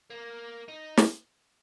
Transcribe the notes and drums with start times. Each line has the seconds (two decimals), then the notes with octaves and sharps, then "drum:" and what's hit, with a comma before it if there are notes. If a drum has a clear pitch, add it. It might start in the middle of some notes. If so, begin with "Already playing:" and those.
0.10 A#3
0.68 D#4
0.97 drum: snare